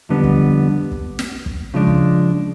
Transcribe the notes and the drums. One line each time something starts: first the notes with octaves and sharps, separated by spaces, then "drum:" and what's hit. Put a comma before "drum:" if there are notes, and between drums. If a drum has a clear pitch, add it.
F2 D3 G3 B3
drum: kick
drum: kick
drum: snare
drum: kick
C#3 F3 G#3 B3 D4
drum: kick